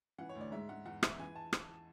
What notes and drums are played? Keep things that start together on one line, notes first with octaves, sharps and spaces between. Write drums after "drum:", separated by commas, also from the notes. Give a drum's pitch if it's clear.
E3 F#5
C#5
D2
D5
G#2 E5
G#2 F#5
E2 F#5
E2 E5, drum: rim click
E3 G#5
A5
drum: rim click